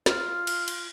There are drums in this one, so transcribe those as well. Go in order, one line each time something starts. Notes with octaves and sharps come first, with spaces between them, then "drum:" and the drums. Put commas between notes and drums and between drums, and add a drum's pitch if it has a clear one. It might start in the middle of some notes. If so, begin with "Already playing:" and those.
F4, drum: snare
drum: cymbal
drum: cymbal